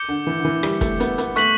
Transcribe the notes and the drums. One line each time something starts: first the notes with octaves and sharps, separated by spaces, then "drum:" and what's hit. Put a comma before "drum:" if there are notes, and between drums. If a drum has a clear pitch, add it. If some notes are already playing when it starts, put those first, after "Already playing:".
Already playing: D6 G6 C#7 G7
D3
E3
D3
E3
G3, drum: rim click
A3, drum: kick, hi-hat
B3, drum: hi-hat
B3, drum: hi-hat
A3 C#6 F#6 B6 F#7, drum: hi-hat